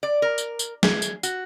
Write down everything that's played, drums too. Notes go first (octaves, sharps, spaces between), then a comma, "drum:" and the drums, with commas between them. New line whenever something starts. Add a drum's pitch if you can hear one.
D5
A#4
drum: tambourine
drum: tambourine
G#4, drum: snare
drum: tambourine
F#4, drum: tambourine